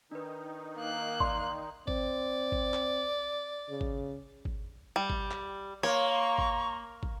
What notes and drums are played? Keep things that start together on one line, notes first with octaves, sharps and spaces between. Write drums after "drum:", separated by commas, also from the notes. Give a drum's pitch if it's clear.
D#3 D4 D#4 B4
A#3 F#6
D5 A#5 C6, drum: kick
C4 D5, drum: kick
drum: kick
drum: clap
C#3
drum: kick
drum: kick
G3
drum: kick
drum: clap
A#3 C#5 A#5 C6 C#6
drum: kick
drum: kick